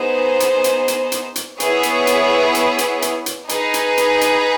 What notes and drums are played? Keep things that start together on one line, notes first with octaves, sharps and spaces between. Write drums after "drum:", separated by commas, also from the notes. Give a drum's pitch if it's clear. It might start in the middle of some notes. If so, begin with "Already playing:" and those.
Already playing: B3 D#4 G#4 C5
drum: hi-hat
drum: hi-hat
drum: hi-hat
drum: hi-hat
drum: hi-hat
B3 E4 G#4 C#5, drum: hi-hat
drum: hi-hat
drum: hi-hat
drum: hi-hat
drum: hi-hat
drum: hi-hat
drum: hi-hat
D#4 G#4 B4, drum: hi-hat
drum: hi-hat
drum: hi-hat
drum: hi-hat